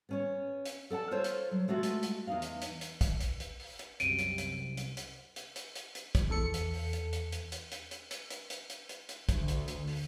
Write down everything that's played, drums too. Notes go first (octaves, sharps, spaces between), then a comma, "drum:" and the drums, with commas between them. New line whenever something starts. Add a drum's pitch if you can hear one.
B3 C#4 C#5
drum: hi-hat
A4 D5 F#5 A5
F4 A4 C5 C#5
drum: hi-hat
F#3
G#3 A3 F4 F#4
drum: hi-hat
drum: hi-hat
E2 D#4 F5
drum: hi-hat
drum: hi-hat
drum: hi-hat
drum: kick, hi-hat
drum: hi-hat
drum: hi-hat
drum: open hi-hat
drum: hi-hat
C2 F#2 C3 D7 D#7, drum: hi-hat
drum: hi-hat
drum: hi-hat
drum: hi-hat
drum: hi-hat
drum: hi-hat
drum: hi-hat
drum: hi-hat
drum: hi-hat
drum: kick, hi-hat
E2 A4 C#7
drum: hi-hat
drum: open hi-hat
drum: hi-hat
drum: hi-hat
drum: hi-hat
drum: hi-hat
drum: hi-hat
drum: hi-hat
drum: hi-hat
drum: hi-hat
drum: hi-hat
drum: hi-hat
drum: hi-hat
drum: hi-hat
D2, drum: kick, hi-hat
drum: hi-hat
drum: hi-hat
drum: open hi-hat